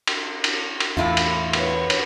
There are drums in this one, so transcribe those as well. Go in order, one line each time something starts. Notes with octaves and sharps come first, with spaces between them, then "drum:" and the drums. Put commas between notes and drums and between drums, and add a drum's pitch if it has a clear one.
drum: cymbal
drum: cymbal
drum: cymbal
E2 A2 E4 F4
drum: cymbal
B3 C#5, drum: cymbal
drum: cymbal